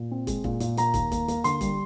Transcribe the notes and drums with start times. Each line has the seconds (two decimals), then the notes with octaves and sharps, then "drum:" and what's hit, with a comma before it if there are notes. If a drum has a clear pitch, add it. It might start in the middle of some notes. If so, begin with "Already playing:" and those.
Already playing: A#2
0.11 C4
0.27 G#3, drum: kick, hi-hat
0.44 A#2, drum: kick
0.60 A#2, drum: hi-hat
0.77 A#3 A#5, drum: hi-hat
0.94 D#2, drum: kick, hi-hat
1.12 A#3, drum: kick, hi-hat
1.28 A#3, drum: hi-hat
1.44 D3 C6, drum: hi-hat
1.61 G3, drum: kick, hi-hat